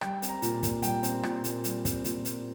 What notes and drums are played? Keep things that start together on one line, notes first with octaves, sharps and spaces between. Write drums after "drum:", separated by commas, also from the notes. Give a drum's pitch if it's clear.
G3 G5, drum: rim click
C4, drum: hi-hat
A#5
A#2, drum: hi-hat
A#2, drum: kick, hi-hat
G3 G5, drum: hi-hat
C4, drum: hi-hat
A#2, drum: rim click
A#2, drum: hi-hat
G3, drum: hi-hat
C4, drum: kick, hi-hat
A#2, drum: hi-hat
A#2, drum: hi-hat